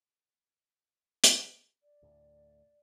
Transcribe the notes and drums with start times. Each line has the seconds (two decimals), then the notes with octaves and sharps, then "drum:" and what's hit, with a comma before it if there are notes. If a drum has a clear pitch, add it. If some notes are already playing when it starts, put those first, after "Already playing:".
1.24 drum: hi-hat
1.83 D5
2.02 D2 A2